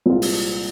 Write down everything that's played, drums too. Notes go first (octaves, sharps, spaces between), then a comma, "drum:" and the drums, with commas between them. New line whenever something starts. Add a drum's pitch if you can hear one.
C2 A#2 G#3 C4 F4
drum: open hi-hat